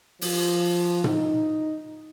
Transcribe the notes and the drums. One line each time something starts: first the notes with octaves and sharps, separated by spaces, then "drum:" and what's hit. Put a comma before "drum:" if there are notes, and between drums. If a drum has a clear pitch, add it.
F3, drum: open hi-hat
D#4, drum: tom